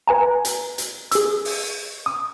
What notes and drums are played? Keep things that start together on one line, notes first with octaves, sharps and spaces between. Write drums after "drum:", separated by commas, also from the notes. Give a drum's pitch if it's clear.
B4 G#5 A#5
drum: hi-hat
drum: hi-hat
G#4 E6, drum: hi-hat
drum: open hi-hat
D#6